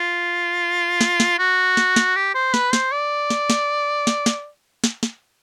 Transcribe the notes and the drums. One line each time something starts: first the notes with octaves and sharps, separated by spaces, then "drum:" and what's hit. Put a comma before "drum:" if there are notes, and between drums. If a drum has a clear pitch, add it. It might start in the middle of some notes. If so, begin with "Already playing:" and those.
Already playing: F4
drum: snare
drum: snare
F#4
drum: snare
drum: snare
G4
C5
B4, drum: snare
C5, drum: snare
D5
drum: snare
drum: snare
drum: snare
drum: snare
drum: snare
drum: snare